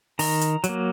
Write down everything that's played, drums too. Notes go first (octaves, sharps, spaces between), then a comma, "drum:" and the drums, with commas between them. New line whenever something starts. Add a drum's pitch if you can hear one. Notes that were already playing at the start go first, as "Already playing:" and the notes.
D#3 A#5, drum: open hi-hat
drum: hi-hat
F#3, drum: hi-hat
A#3